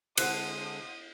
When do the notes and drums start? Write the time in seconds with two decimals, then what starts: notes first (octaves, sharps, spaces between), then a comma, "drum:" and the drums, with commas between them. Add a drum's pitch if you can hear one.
0.17 D3 F#3 G#3 C4 C5 F#5 D#6 F#6, drum: cymbal